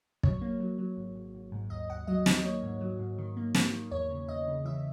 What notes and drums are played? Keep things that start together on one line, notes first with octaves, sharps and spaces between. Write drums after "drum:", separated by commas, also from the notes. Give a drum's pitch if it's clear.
F#3 C#5, drum: kick
A#3
F#3
F#3
G#1
G#1
G#1
G#2
D#2 D#5
D#2 F#5
F#3 D#5
D#3, drum: snare
A#3 C#5
G#2
F#3
G#2
D#3
A#3
A#3, drum: snare
D#3
E2 C#5
C#3
E2 D#5
C#3
E3 E5